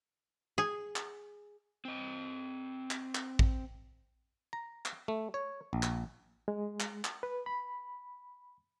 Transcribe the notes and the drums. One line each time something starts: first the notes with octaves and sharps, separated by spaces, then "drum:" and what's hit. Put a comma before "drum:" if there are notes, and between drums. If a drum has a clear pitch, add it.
G#4
drum: clap
C4 D#5
drum: clap
drum: clap
drum: kick
A#5
drum: clap
A3
C#5
A#1
drum: clap
G#3
drum: clap
drum: clap
B4
B5